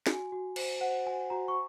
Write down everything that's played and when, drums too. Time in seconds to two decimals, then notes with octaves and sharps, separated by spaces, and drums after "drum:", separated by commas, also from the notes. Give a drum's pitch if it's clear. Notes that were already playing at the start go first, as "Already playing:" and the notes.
0.07 F#4 G#5, drum: snare
0.32 F#4
0.56 C5, drum: cymbal
0.81 C5 F#5
1.06 F#4 G#5
1.30 F#4 A#5
1.48 C#6